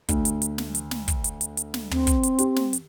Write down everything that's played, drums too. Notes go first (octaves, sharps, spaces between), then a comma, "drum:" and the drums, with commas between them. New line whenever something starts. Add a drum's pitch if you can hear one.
D2, drum: kick, hi-hat
drum: hi-hat
drum: hi-hat
drum: snare
drum: hi-hat
drum: snare
drum: kick, hi-hat
drum: hi-hat
drum: hi-hat
drum: hi-hat
drum: snare
C4, drum: tom
drum: kick, hi-hat
drum: hi-hat
G4, drum: hi-hat
drum: snare
drum: hi-hat